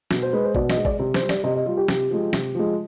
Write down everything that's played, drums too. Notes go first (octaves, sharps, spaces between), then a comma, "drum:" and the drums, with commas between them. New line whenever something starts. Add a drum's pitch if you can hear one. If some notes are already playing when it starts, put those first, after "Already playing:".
B2, drum: snare
C5
G#3 B4
C5
B2 D5, drum: kick A1
D#5, drum: snare
G#3
D5, drum: kick A1
C3
C5, drum: snare
G3
D5, drum: snare
C3 D#5
D#5
G3 F4
G4
C3 G4, drum: snare
F3 G#3
C3, drum: snare
F3 G#3